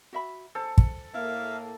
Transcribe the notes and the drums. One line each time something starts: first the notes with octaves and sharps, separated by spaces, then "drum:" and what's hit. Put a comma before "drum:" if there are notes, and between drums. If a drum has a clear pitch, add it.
F#4 E5 B5
A4 C5
drum: kick
A2 A#3 E4 E5 F5